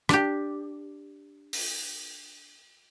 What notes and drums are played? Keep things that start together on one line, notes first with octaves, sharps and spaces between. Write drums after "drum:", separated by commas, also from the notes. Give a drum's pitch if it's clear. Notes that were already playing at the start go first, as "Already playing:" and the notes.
D4 G4, drum: rim click
drum: open hi-hat